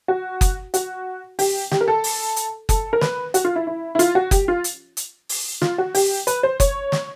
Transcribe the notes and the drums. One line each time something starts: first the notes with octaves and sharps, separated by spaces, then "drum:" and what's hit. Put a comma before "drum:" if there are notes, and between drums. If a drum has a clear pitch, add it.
F#4
drum: kick F#1, hi-hat
F#4, drum: hi-hat
G4, drum: open hi-hat
G4, drum: snare
A#4
A4
drum: open hi-hat
drum: hi-hat
A4, drum: kick F#1, hi-hat
A#4
B4, drum: snare
F#4, drum: hi-hat
F4
E4
E4
E4
F4, drum: hi-hat
F#4
G4, drum: kick F#1, hi-hat
F4
drum: hi-hat
drum: hi-hat
drum: open hi-hat
F4, drum: snare
F#4
G4, drum: open hi-hat
B4, drum: hi-hat
C5
C#5, drum: kick F#1, hi-hat
drum: snare